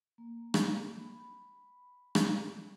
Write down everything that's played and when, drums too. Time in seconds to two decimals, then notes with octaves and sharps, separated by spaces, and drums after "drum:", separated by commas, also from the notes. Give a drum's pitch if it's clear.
0.18 A#3
0.54 drum: rim click
0.99 B5
2.15 drum: rim click